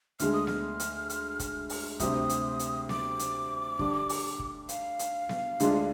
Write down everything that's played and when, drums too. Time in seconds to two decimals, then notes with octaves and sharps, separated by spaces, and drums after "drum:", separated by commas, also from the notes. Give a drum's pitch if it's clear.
0.19 D2 D3 G#3 F6, drum: hi-hat
0.33 D#6
0.47 F6, drum: snare B3
0.80 drum: hi-hat
1.10 drum: hi-hat
1.40 drum: kick, hi-hat
1.69 drum: open hi-hat
2.00 D2 C3 G3 C4 G4 D#6, drum: kick, hi-hat
2.29 drum: hi-hat
2.59 drum: hi-hat
2.89 D6, drum: snare B3
3.19 drum: hi-hat
3.79 D3 G3 D4, drum: kick
4.09 drum: open hi-hat
4.39 drum: kick
4.69 F5, drum: hi-hat
4.99 drum: hi-hat
5.29 drum: snare B3
5.60 D2 D3 G#3 D4 F4, drum: hi-hat